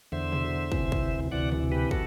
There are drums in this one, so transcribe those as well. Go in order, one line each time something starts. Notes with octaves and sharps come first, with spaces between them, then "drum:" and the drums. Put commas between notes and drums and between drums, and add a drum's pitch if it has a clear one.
E2 D3 C5 E5
drum: tom B2
D2 C3 E3, drum: kick
drum: kick
D2 C3 E3 D5 F#5
drum: tom B2
G4 B4
F#4 A4, drum: kick